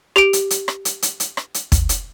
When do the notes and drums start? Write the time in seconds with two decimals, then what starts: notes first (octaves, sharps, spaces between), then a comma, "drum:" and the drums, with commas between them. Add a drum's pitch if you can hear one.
0.16 G4 D7, drum: rim click
0.33 drum: hi-hat
0.50 drum: hi-hat
0.68 drum: rim click
0.85 drum: hi-hat
1.02 drum: hi-hat
1.20 drum: hi-hat
1.37 drum: rim click
1.54 drum: hi-hat
1.72 drum: kick, hi-hat
1.89 drum: hi-hat